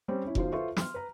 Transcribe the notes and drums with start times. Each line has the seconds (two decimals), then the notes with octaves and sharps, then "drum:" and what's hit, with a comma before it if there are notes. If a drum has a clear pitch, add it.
0.08 G3 C4 C#4
0.24 C#4 E4
0.35 B1 F#2 D#3 F4 C5, drum: kick F1
0.52 F4 A4 B4 C5 E5 C#6
0.77 C6 F6, drum: snare
0.94 B4 A#5